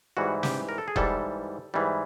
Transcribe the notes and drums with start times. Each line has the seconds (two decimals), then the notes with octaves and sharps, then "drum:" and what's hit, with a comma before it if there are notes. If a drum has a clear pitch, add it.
0.17 G#2 E3 G3 F#4
0.43 G4, drum: snare
0.69 A#4
0.78 A4
0.88 G#4
0.96 G#2 E3 G3 A4, drum: kick E1
1.74 G#2 E3 G3